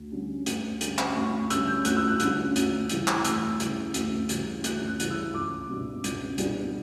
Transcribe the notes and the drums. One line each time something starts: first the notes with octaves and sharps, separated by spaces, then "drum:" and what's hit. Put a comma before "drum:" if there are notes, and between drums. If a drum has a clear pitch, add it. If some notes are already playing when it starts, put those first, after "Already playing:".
Already playing: D2
D3 G3 C#4
D2, drum: hi-hat
D3 G3 C#4, drum: hi-hat
drum: clap
D2 C#6
D3 G3 C#4 E6, drum: hi-hat
G6
D2 F#6, drum: hi-hat
E6
F#6
D3 G3 C#4, drum: hi-hat
D2, drum: hi-hat
C#3 E3 G3, drum: hi-hat
drum: clap
D2 E6, drum: hi-hat
C#3 E3 G3, drum: hi-hat
D2, drum: hi-hat
C#3 E3 G3, drum: hi-hat
D2 F#6, drum: hi-hat
F#6
C#3 E3 G3, drum: hi-hat
E6
C#2 D6
B2 G3 B3 D4
C#2, drum: hi-hat
B2 G3 B3 D4, drum: hi-hat